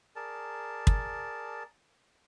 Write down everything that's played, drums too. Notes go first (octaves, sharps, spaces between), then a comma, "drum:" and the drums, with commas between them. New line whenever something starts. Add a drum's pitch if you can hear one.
G#4 A#4 D5 A5
drum: kick